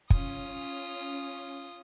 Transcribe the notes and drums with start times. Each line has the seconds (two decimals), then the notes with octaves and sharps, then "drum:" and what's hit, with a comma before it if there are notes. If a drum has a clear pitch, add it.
0.10 C#4 F4 D#6, drum: kick